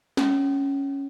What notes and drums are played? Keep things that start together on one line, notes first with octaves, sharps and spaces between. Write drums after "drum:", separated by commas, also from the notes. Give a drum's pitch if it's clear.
C#4, drum: snare